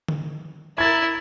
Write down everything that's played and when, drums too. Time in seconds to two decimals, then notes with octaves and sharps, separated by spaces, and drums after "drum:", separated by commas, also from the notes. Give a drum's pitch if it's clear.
0.08 drum: tom
0.78 E4 A#4 G#6 A6